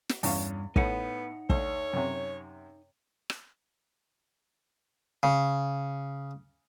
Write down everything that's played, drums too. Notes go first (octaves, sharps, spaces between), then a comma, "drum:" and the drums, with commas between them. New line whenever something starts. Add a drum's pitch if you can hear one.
drum: snare
E2 G2 C#4 F5, drum: open hi-hat
A2 B3 D#4 F#5, drum: kick
D2 C#5, drum: kick
F#2 C3
drum: rim click
C#3